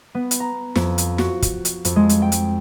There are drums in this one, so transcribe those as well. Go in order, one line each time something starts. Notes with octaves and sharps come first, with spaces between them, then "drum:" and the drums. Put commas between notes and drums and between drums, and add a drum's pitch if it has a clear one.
B3
drum: hi-hat
A#5
F2, drum: snare
drum: hi-hat
F#4, drum: snare
drum: kick, hi-hat
drum: hi-hat
F2, drum: hi-hat
G#3
drum: hi-hat
G5
drum: hi-hat